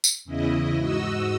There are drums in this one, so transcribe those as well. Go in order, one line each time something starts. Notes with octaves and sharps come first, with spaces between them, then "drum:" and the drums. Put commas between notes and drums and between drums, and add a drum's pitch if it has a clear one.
drum: tambourine
E2 C#3 E4 D#5
G#2 F#4 D#5 E6